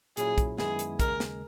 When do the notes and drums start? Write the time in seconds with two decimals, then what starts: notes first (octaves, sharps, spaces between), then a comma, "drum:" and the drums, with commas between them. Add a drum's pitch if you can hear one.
0.17 A#2 F#3 C#4 E4 G#4, drum: hi-hat
0.38 drum: kick, hi-hat
0.58 F#2 D#3 G#3 B3 E4 G#4, drum: snare
0.79 drum: hi-hat
1.00 D#2 C#3 G#3 A#4, drum: kick, hi-hat
1.20 drum: snare